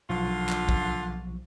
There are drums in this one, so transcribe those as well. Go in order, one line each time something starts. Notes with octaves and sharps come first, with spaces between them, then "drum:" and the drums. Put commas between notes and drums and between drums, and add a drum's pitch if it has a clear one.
B1 D3 F3 F4 C#6
drum: clap
drum: kick